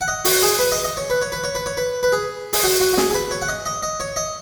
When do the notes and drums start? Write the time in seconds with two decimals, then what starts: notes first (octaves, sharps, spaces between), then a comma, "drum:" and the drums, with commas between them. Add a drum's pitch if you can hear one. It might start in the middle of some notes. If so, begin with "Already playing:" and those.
0.01 F#5
0.08 D#5
0.25 F#4, drum: open hi-hat
0.42 G#4
0.59 B4
0.72 D#5
0.84 D#5
0.97 C#5
1.10 B4
1.22 C#5
1.32 B4
1.44 C#5
1.55 B4
1.66 C#5
1.77 B4
2.03 B4
2.12 G#4
2.53 G#4, drum: open hi-hat
2.63 F#4
2.80 F#4
2.93 F#4
2.97 G#4, drum: snare
3.10 G#4
3.14 B4
3.31 C#5
3.41 F#5
3.48 D#5
3.66 D#5
3.83 D#5
4.00 C#5
4.16 D#5